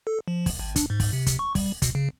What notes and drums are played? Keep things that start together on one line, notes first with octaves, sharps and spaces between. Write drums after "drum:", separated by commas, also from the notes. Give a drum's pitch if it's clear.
A4
F3
drum: kick, open hi-hat
G#1
D4, drum: kick, hi-hat
G#2
drum: kick, open hi-hat
C3
drum: kick, hi-hat
C#6
G3, drum: kick, open hi-hat
B2, drum: kick, hi-hat
C#3